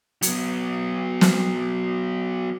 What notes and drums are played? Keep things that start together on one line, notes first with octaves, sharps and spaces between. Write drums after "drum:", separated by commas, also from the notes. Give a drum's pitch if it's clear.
F#3 B3, drum: hi-hat
drum: snare